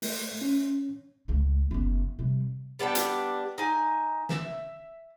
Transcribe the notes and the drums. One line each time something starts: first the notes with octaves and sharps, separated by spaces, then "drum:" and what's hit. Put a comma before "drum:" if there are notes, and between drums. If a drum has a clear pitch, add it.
A3, drum: open hi-hat
C#4
C#2 A3
F#1 B3
C3 G3
G3 B3 D4 G5
drum: hi-hat
D#4 G#5
E5, drum: snare